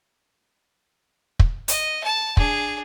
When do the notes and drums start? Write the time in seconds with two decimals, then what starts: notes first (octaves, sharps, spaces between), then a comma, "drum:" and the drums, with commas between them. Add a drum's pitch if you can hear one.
1.39 drum: kick
1.68 D#5, drum: hi-hat
2.04 A5
2.37 D4 G#4, drum: kick